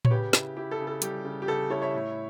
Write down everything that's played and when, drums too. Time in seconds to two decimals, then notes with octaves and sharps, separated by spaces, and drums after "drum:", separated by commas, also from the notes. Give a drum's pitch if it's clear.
0.05 C#5, drum: tom A2
0.10 C#3 G4 B4
0.33 E4, drum: snare
0.56 E4 G4
0.71 A4
0.79 C#3
0.87 A4
1.02 G3 G4, drum: hi-hat
1.25 C#3
1.42 G4
1.47 C#3 A4
1.70 E4 A4 C#5
1.82 C#5 E5
1.94 A2